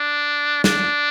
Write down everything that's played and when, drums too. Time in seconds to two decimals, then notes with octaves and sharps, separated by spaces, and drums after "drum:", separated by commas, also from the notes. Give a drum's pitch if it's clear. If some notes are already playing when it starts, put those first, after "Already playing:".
Already playing: D4
0.64 D4, drum: snare